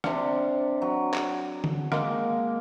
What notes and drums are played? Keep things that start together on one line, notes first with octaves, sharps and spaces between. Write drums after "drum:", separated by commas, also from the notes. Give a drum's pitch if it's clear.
C3 D4, drum: rim click
F#3
drum: clap
drum: tom D3
G#3 A#3, drum: rim click